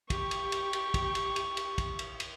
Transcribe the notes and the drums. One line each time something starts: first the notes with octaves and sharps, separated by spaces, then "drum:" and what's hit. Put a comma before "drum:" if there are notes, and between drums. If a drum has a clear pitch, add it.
G4 C#6, drum: kick, cymbal
drum: cymbal
drum: cymbal
drum: cymbal
drum: kick, cymbal
drum: cymbal
drum: cymbal
drum: cymbal
drum: kick, cymbal
drum: cymbal
drum: cymbal